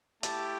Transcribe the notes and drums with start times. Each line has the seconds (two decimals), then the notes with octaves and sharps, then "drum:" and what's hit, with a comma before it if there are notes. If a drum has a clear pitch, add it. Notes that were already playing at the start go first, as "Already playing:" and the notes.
0.23 A3 E4 G4 A5, drum: hi-hat